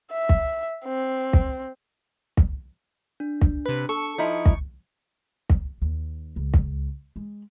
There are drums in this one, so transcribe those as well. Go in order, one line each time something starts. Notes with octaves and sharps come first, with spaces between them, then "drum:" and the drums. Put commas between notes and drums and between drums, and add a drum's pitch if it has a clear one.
E5
drum: kick
C4
drum: kick
drum: kick
D4
drum: kick
C3 B4
A4 C#6
F3 D#4 E4
drum: kick
drum: kick
D#2
C#2
drum: kick
G#3